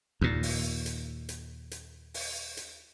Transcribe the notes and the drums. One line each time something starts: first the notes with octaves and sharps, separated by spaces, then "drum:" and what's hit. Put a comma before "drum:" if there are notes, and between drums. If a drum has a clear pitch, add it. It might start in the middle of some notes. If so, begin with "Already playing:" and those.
D#2 A#2
drum: open hi-hat
drum: hi-hat
drum: hi-hat
drum: hi-hat
drum: open hi-hat
drum: hi-hat